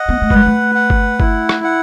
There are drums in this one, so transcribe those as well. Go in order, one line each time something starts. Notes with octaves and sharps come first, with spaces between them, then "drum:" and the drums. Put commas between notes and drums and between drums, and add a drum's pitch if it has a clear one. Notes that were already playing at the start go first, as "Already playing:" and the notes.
Already playing: D#5 F#5
B3
A3
G#3 B4, drum: kick G1
A3
F#5
drum: kick G1
E4, drum: kick G1
drum: rim click
F#5